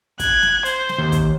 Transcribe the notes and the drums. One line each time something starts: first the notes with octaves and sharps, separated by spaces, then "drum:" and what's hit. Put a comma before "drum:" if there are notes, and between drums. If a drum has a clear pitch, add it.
F#6 G#6, drum: kick, hi-hat
drum: snare
C5, drum: hi-hat
drum: snare
D#2
drum: kick, hi-hat